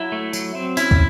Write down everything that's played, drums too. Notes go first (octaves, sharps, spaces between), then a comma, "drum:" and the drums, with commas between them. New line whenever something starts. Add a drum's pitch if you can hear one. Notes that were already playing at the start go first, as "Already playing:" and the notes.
Already playing: F#3 E4
A3
F#3, drum: tambourine
C4
C#4 E4, drum: tambourine
drum: kick